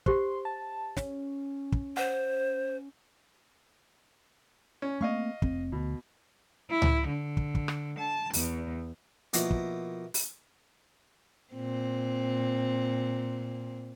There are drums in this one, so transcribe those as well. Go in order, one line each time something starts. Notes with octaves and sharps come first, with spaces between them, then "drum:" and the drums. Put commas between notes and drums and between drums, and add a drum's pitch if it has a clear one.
G4 C5 C6, drum: kick
A5
C#4, drum: snare
drum: kick
C5 F#5
C#4
A3 A#3 C4 D#5 F5 C#6
F1 C4, drum: kick
D2 B2
E4
drum: tom C#2
D3
drum: kick
drum: kick
drum: rim click
A5
E2, drum: open hi-hat
B2 F3 A#3 E4, drum: hi-hat
drum: kick
drum: open hi-hat
A#2 C4